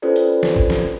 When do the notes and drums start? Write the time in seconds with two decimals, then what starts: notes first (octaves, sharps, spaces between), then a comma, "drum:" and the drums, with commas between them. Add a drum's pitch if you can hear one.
0.02 C#4 F4 A4 B4 C5 D5
0.16 drum: hi-hat
0.43 drum: snare
0.56 drum: kick
0.70 drum: snare